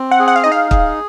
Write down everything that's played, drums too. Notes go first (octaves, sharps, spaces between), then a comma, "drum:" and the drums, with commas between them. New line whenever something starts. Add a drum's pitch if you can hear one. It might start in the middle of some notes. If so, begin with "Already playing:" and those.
Already playing: C4
F#5
G#4
F#5
F5
D#4 D#5
F5
G#4, drum: kick